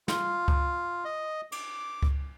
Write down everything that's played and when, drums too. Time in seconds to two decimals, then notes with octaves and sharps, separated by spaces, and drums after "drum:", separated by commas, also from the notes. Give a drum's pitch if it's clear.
0.08 F4, drum: snare
0.48 drum: kick
1.05 D#5
1.52 D6, drum: cymbal
2.03 drum: kick